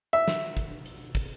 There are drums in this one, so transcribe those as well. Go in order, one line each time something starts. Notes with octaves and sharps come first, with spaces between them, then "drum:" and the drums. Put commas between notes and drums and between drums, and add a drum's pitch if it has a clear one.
E5
drum: snare
drum: kick, hi-hat
drum: hi-hat
drum: kick, open hi-hat